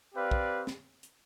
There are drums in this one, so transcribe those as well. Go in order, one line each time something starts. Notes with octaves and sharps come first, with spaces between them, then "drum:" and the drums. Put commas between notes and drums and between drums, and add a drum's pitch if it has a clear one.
C4 G4 B4 D5 F5
drum: kick
drum: snare
drum: hi-hat